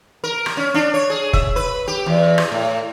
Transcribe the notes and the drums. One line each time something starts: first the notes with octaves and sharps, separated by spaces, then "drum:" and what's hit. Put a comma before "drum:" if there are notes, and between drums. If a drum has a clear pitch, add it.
A#4
drum: rim click
C#4
D4
C#5
G#4
E5, drum: kick F1
B4
G4
E2
drum: rim click
A2